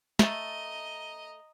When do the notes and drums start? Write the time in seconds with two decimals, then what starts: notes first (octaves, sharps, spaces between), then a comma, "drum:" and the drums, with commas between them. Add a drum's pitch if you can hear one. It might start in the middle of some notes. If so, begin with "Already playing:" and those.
0.19 A3 D#5 A5 A#5, drum: snare